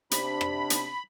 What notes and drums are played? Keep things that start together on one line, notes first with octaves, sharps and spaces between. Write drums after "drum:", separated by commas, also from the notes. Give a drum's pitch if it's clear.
C3 D4 B5, drum: hi-hat
drum: rim click
drum: hi-hat